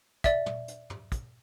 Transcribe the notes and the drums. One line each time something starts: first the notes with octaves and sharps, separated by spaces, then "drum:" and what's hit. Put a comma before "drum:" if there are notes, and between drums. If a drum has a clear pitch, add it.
D5 E5, drum: kick, hi-hat
drum: tom
drum: hi-hat
drum: tom
drum: kick, hi-hat